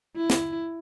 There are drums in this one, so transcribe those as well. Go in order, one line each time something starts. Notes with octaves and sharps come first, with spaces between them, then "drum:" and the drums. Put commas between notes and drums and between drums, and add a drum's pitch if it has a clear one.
E4
drum: snare